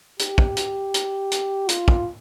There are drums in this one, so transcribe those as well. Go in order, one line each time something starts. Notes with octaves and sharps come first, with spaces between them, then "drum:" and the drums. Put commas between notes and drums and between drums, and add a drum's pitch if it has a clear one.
G4, drum: hi-hat
drum: kick
drum: hi-hat
drum: hi-hat
drum: hi-hat
F4, drum: hi-hat
drum: kick